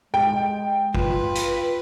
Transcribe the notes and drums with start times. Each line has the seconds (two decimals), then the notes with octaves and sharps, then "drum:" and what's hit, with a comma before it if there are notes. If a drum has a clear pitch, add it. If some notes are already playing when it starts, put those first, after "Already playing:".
0.14 G#3 G5
0.95 F4 B4, drum: kick
1.35 drum: hi-hat